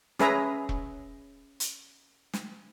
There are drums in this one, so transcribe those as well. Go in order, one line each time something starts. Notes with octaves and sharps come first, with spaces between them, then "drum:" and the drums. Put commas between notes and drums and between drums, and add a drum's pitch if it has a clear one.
C#4 G#4 B4 E5 A#5, drum: snare
drum: kick E1
drum: hi-hat
drum: snare